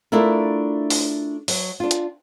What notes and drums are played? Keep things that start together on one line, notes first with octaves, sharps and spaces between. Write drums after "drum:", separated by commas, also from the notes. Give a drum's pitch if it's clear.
A3 D4 E4 F4 A#4
drum: open hi-hat
F#3, drum: open hi-hat
D4 F4
drum: hi-hat